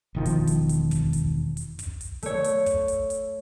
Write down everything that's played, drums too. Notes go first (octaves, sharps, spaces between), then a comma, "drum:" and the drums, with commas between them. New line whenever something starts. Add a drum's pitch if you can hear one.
E1 D#3 F3
drum: hi-hat
drum: hi-hat
drum: hi-hat
drum: kick, hi-hat
drum: hi-hat
drum: hi-hat
drum: kick, hi-hat
drum: hi-hat
A3 C#5, drum: hi-hat
drum: hi-hat
drum: kick, hi-hat
drum: hi-hat
drum: hi-hat